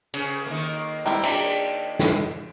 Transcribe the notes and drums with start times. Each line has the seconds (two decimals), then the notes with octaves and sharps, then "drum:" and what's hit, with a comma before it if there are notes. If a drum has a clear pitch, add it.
0.14 C#3, drum: cymbal
0.46 D#3 A#3
1.06 G3 C4 E4 A#5
1.24 D4 G5 A#5, drum: cymbal
1.99 drum: snare